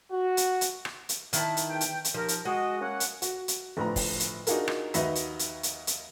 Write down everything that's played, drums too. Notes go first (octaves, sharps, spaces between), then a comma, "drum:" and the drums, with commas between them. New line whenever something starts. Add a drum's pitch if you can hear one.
F#4
drum: hi-hat
drum: hi-hat
drum: rim click
drum: hi-hat
D#3 E4 A5, drum: hi-hat
drum: hi-hat
E2 G5
drum: hi-hat
drum: hi-hat
D#2 F3 A#4
drum: hi-hat
G#3 F#4 D#5
A#3 C#4 F#5
drum: hi-hat
F#4, drum: hi-hat
drum: hi-hat
G1 A2 F3 A#5
drum: kick, open hi-hat
drum: hi-hat
D4 D#4 F4 F#4 G#4 A#4, drum: hi-hat
drum: rim click
D#2 D#4 F#4 B4 D#5 E5, drum: hi-hat
drum: hi-hat
drum: hi-hat
drum: hi-hat
drum: hi-hat